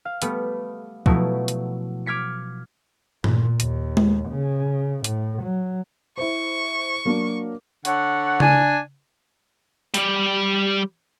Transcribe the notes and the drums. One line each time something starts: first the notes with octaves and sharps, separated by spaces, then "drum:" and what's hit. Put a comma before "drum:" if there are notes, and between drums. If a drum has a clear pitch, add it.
F5
G3 A3 B3, drum: hi-hat
B2 F3 F#3 A3 E4, drum: kick
drum: hi-hat
D6 F6 G#6 B6 C#7
A#2, drum: tom G2
D#2, drum: hi-hat
drum: tom G#3
C#3
A2, drum: hi-hat
F#3
E4 C5 C#6
F#3 A#3 D4
D3 C#5 F#5, drum: hi-hat
D4 G#5, drum: tom C#3
G3 D5, drum: hi-hat